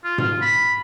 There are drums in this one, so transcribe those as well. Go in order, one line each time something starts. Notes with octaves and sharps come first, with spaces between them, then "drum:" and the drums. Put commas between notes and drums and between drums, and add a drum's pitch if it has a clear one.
F4
drum: tom G#2
B5